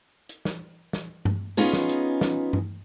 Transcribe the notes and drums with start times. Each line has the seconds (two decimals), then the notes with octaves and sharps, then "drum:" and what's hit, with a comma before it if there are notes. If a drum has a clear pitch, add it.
0.29 drum: hi-hat
0.45 drum: snare
0.93 drum: snare
1.25 drum: tom G2
1.57 B3 C#4 D#4 F4 G#4, drum: hi-hat
1.73 drum: snare
1.89 drum: hi-hat
2.21 drum: snare
2.53 drum: tom G2